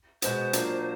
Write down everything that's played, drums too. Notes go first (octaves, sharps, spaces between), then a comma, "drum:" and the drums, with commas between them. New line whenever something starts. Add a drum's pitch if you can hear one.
B2 G#3 B3 C5, drum: hi-hat
F#3 A#3 D4 F4, drum: hi-hat